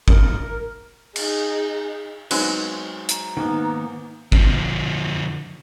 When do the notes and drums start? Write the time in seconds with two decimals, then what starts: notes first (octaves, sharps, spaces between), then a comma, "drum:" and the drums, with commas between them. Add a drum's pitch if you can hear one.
0.08 A#4, drum: kick
1.16 D#4 G#4, drum: cymbal
2.31 F#3 G#3 B3 C4 D#4 G#4, drum: cymbal
3.09 A#5, drum: hi-hat
3.37 G#2 D#3 A#3 B3
4.32 D3 F3, drum: kick